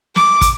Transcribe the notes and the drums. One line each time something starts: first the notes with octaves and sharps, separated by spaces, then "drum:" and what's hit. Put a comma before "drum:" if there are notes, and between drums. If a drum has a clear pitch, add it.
D6, drum: snare
drum: kick, hi-hat